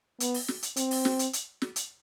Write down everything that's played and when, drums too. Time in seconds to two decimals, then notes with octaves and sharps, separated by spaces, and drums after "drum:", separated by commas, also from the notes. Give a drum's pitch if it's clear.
0.20 B3, drum: hi-hat
0.34 drum: open hi-hat
0.48 drum: snare
0.63 drum: hi-hat
0.76 C4, drum: hi-hat
0.91 drum: open hi-hat
1.05 drum: snare
1.19 drum: hi-hat
1.33 drum: hi-hat
1.62 drum: snare
1.76 drum: hi-hat